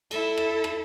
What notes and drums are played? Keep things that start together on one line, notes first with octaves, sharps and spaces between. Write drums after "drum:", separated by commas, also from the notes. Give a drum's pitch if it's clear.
E4 A4, drum: cymbal
drum: rim click
drum: rim click